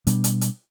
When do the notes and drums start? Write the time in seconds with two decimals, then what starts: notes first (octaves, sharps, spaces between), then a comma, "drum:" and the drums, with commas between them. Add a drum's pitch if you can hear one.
0.07 B2 G3 B3 D4, drum: hi-hat
0.24 drum: hi-hat
0.41 drum: hi-hat